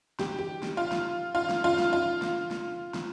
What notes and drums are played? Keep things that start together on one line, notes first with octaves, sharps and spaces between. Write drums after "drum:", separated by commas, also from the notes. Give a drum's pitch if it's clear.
G4, drum: snare
G4
drum: snare
F4
drum: snare
F4
drum: snare
F4
drum: snare
F4
drum: snare
drum: snare
drum: snare